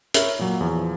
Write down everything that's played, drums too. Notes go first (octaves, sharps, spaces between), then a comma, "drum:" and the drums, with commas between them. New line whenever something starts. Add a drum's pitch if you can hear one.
A#4 C#5 E5 B5, drum: hi-hat
A#2 F#3
E2 F3